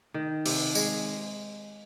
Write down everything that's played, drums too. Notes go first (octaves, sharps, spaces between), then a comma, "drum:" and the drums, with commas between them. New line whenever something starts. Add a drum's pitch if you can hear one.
D#3
C3, drum: open hi-hat
G#3, drum: tambourine